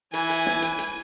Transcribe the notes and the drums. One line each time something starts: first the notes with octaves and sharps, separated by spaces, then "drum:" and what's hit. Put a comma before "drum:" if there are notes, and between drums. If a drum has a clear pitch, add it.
E3 G#5, drum: hi-hat
drum: hi-hat
drum: snare
drum: hi-hat
drum: hi-hat